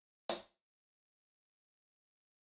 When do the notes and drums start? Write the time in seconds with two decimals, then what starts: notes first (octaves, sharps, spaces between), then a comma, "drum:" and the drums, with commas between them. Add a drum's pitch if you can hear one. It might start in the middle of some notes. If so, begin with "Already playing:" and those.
0.29 drum: hi-hat
1.48 F#2
1.66 D#1 G3 C#4
1.82 E2
1.94 B1 A#2
2.09 D2 G2 D3 D#3
2.25 D3